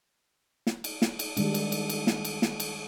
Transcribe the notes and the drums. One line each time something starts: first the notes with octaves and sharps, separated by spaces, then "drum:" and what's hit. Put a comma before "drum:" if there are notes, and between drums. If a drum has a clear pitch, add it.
drum: snare
drum: cymbal
drum: snare
drum: cymbal
D#3 G3 G#3 D4, drum: cymbal
drum: cymbal
drum: cymbal
drum: cymbal
drum: snare
drum: cymbal
drum: snare
drum: cymbal